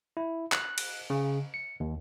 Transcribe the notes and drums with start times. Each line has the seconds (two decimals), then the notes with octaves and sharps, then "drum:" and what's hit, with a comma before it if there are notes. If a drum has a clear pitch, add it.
0.17 E4
0.52 F#6, drum: clap
0.78 drum: cymbal
1.10 C#3
1.54 C#7
1.80 D#2